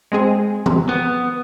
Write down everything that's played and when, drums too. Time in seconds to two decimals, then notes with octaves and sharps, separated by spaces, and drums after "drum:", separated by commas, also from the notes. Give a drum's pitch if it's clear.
0.12 G#3 C4 G#4
0.66 drum: tom E3
0.89 B3